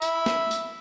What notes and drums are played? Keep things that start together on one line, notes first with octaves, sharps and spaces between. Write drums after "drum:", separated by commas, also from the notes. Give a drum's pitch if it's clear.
E5 B5, drum: tambourine
drum: snare
drum: tambourine